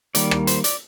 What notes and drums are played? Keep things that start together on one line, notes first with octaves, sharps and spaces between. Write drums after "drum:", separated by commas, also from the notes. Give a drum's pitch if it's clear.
D#3 G3 A#3 D5, drum: hi-hat
drum: rim click
C5, drum: hi-hat
D5, drum: hi-hat